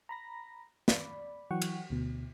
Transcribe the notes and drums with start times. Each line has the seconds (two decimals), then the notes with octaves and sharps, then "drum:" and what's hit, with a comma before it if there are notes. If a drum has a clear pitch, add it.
0.09 A#5 B5 A#6
0.88 D5 B5, drum: snare
1.51 E3 F#3 F#5 G5 C#6
1.62 drum: cymbal
1.90 D2 B2